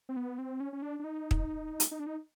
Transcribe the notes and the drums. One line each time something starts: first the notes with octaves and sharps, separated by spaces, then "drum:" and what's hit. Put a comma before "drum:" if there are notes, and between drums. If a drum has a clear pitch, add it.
C4
B3
C4
C#4
C#4
D4
D4
D#4
drum: kick
drum: hi-hat
D#4
D4
D#4